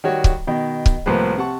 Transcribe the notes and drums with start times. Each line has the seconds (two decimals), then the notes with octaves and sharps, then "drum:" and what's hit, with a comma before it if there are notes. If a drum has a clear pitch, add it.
0.04 D#3 G3 F#4 C#5
0.24 drum: kick C#1
0.47 B2 D#3
0.86 drum: kick C#1
1.06 C2 A2 F3 A#3 B4
1.38 C3 F#5 A5 C#6